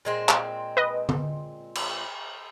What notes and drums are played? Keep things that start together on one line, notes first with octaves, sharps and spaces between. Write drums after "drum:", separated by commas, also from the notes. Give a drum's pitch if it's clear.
A#2 G#3 C4
drum: clap
B4 D#5
drum: tom D3
drum: cymbal